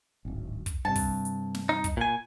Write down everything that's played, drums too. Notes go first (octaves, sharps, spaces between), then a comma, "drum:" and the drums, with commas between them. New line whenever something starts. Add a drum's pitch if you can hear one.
D1 G#1
drum: kick, hi-hat
G2 C3 A5
drum: kick, open hi-hat
drum: hi-hat
drum: snare
D#4
drum: kick, hi-hat
A#2 G#5